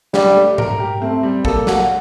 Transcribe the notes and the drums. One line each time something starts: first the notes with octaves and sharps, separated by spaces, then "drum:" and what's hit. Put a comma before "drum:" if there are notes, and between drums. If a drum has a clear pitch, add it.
G3 D4, drum: snare
A3
A#4, drum: tom G#2
G4
A3 C4
G3
A#3 A4, drum: kick A1
F#4, drum: snare